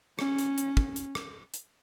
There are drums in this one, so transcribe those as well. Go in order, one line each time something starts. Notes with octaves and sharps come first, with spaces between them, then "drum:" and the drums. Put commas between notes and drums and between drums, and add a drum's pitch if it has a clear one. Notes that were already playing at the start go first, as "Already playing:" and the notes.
C#4, drum: rim click
drum: hi-hat
drum: hi-hat
drum: kick
drum: hi-hat
drum: rim click
drum: hi-hat